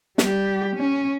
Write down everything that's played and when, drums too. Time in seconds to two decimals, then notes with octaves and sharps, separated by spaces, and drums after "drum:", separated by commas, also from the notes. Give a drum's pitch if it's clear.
0.18 G3 G4, drum: snare
0.75 C#4